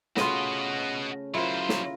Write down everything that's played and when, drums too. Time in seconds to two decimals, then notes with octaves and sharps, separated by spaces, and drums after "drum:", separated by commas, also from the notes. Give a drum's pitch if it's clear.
0.17 C#3 A3 F4 F#4 B4 D#5, drum: snare
1.34 F#3 E4 F4 A#4 C5 E5 F#5 A#5
1.69 drum: snare